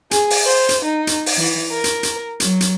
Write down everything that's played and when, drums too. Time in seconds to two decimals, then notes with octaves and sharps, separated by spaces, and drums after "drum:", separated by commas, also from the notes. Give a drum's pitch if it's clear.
0.11 G#4, drum: hi-hat
0.30 drum: open hi-hat
0.44 C5
0.69 drum: hi-hat
0.84 D#4
1.07 drum: hi-hat
1.26 drum: open hi-hat
1.37 E3
1.72 A#4
1.84 drum: hi-hat
2.03 drum: hi-hat
2.40 F#3, drum: hi-hat
2.61 drum: hi-hat